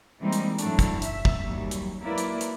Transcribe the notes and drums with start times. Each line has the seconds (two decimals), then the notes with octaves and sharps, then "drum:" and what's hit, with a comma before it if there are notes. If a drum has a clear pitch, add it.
0.21 E3 G3 G#3 A#3 C4 D#4
0.33 drum: hi-hat
0.59 A2 F#3 A3 D4, drum: hi-hat
0.79 drum: kick, hi-hat
1.02 E5, drum: hi-hat
1.25 drum: kick
1.44 D#2 F#3 G3
1.71 drum: hi-hat
2.00 F#3 A#3 E4 B4 D5
2.18 drum: hi-hat
2.41 drum: hi-hat